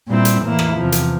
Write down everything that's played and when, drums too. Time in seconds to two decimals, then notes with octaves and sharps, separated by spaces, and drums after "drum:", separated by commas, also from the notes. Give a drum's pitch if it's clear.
0.08 A#2 G3 C4 E4
0.25 drum: hi-hat
0.41 A2 E3 A#3 E4
0.59 drum: rim click
0.76 E2 C3 F3
0.92 drum: hi-hat